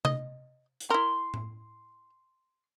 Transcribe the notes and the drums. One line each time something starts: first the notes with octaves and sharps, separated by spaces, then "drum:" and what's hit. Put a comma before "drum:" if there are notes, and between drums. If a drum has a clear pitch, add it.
D#5, drum: tom C3
drum: hi-hat
E4 A#4 C6
drum: tom A2